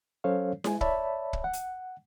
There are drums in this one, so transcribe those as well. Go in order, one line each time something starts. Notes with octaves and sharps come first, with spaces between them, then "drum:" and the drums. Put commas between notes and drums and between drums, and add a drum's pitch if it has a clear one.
F#3 C#4 A4 C5 C#5 F5
G#3 G#5, drum: snare E4
C#5 D5 E5 A5 B5, drum: kick
drum: kick
F#5
drum: hi-hat